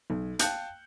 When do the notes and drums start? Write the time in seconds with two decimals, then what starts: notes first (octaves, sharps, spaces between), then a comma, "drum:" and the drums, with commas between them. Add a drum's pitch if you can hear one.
0.10 B1
0.39 F5 G5 A5 F#6 G6 C#7, drum: hi-hat